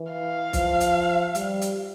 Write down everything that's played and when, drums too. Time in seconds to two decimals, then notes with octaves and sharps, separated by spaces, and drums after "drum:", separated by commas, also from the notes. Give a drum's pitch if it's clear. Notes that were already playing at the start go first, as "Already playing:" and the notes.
Already playing: E3
0.13 F5
0.53 F3, drum: kick, hi-hat
0.80 drum: hi-hat
1.35 G3, drum: hi-hat
1.61 drum: hi-hat